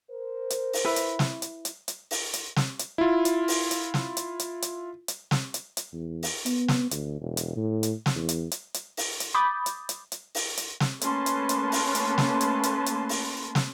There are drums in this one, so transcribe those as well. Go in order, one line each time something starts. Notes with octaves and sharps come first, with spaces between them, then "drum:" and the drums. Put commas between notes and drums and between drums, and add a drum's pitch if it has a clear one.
A#4 C5
drum: hi-hat
drum: open hi-hat
E4 B4
drum: hi-hat
drum: snare
drum: hi-hat
drum: hi-hat
drum: hi-hat
drum: open hi-hat
drum: hi-hat
drum: snare
drum: hi-hat
E4 F4
drum: hi-hat
drum: open hi-hat
drum: hi-hat
drum: snare
drum: hi-hat
drum: hi-hat
drum: hi-hat
drum: hi-hat
drum: snare
drum: hi-hat
drum: hi-hat
E2
drum: open hi-hat
B3, drum: hi-hat
drum: snare
D2, drum: hi-hat
E1
drum: hi-hat
A2
drum: hi-hat
drum: snare
E2
drum: hi-hat
drum: hi-hat
drum: hi-hat
drum: open hi-hat
drum: hi-hat
B5 D6 D#6 G6 A6
drum: hi-hat
drum: hi-hat
drum: hi-hat
drum: open hi-hat
drum: hi-hat
drum: snare
A3 A#3 C#4 B4 A5 C6, drum: hi-hat
drum: hi-hat
drum: hi-hat
drum: open hi-hat
drum: hi-hat
drum: snare
drum: hi-hat
drum: hi-hat
drum: hi-hat
drum: open hi-hat
drum: snare